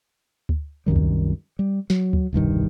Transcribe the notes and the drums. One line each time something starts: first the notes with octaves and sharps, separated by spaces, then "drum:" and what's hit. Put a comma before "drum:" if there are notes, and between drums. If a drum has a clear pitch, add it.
drum: kick D2
C2 F#2 D#3 G3
drum: kick D2
G3
F#3, drum: snare
drum: kick D2
E1 C2 G2 D#3